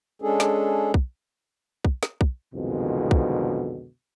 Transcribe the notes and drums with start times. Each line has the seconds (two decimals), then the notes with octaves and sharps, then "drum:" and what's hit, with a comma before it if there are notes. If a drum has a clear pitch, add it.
0.22 G#3 C#4 D4 G#4 A4
0.40 drum: snare
0.94 drum: kick
1.85 drum: kick
2.03 drum: snare
2.21 drum: kick
2.53 C2 F2 B2 D3 D#3 G#3
3.11 drum: kick